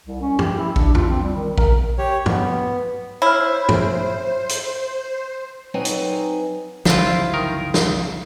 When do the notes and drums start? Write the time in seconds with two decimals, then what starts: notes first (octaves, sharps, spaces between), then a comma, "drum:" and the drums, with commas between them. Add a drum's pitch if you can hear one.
0.07 C2
0.21 C#4
0.39 G4, drum: tom
0.58 E4
0.76 D4, drum: kick
0.95 F4, drum: tom E2
1.09 C4
1.22 G3
1.35 D#3
1.58 A#4, drum: kick
1.98 G4 C#5
2.26 B3, drum: tom
3.22 E4 C5 C#5 F6
3.69 drum: tom
4.49 drum: hi-hat
5.74 F#3 C4 D#4 B4 G#5
5.85 drum: hi-hat
6.85 G1 C#2 F3 F#3 E4 F4 C5, drum: snare
7.34 D#3 A#4
7.74 drum: snare